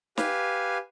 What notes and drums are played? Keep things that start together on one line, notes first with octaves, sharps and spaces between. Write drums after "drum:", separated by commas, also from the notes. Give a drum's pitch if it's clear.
G4 B4 F5 G#5, drum: snare